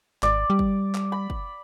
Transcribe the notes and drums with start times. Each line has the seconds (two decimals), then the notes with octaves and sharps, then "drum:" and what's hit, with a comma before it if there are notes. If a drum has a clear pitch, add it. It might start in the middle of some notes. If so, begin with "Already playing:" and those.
0.23 G#1 D5, drum: clap
0.50 G3
0.59 drum: kick
0.94 drum: clap
1.12 B5
1.30 drum: kick